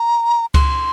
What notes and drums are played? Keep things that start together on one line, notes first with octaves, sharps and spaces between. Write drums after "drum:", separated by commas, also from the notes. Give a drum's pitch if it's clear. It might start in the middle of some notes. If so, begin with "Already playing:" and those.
Already playing: A#5
C6, drum: kick C#2, cymbal